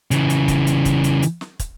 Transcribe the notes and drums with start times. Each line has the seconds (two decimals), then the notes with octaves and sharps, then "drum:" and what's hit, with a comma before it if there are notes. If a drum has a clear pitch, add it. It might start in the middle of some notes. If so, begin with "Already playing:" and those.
0.11 C#3 E3, drum: hi-hat
0.30 drum: hi-hat
0.48 drum: kick, hi-hat
0.67 drum: hi-hat
0.85 drum: kick, hi-hat
1.04 drum: hi-hat
1.22 drum: hi-hat
1.41 drum: snare
1.60 drum: kick, hi-hat